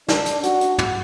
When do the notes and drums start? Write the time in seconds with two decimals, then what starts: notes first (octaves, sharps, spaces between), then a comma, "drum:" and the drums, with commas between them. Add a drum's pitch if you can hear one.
0.08 D4, drum: snare
0.26 drum: hi-hat
0.43 F#4, drum: hi-hat
0.61 drum: hi-hat
0.78 drum: tom